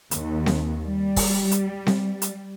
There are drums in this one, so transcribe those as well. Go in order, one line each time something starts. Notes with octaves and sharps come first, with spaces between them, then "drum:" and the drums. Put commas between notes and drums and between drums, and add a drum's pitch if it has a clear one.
D#2, drum: hi-hat
drum: snare C4
G3
drum: kick, open hi-hat
drum: hi-hat
drum: snare C4
drum: hi-hat